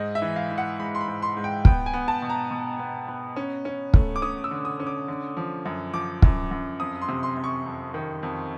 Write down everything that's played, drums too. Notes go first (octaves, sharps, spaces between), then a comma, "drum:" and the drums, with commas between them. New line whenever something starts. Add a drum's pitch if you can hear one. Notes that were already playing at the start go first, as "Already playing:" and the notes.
Already playing: G#2 D#5
E5
E3
F5
E3
F#5
G#2 B5
C6
B5
G#2
C6
G#2
G5
B3 G5, drum: kick
G#5
B3
A5
B2
A#5
B2
B3
B3
C#4
C#4
A3, drum: kick
D6
C#4 D#6
E6
D3
D#6
C#4
D6
D3
F3
F#2
F3 D6
F#2, drum: kick
F#2
F2 D#6
C6
C3
C6
C3
C#6
F2
D#3
F2